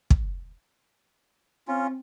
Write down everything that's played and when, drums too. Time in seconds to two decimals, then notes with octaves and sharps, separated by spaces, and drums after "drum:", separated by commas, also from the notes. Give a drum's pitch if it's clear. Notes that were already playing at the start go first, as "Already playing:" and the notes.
0.10 drum: kick
1.68 C4 C#4 F4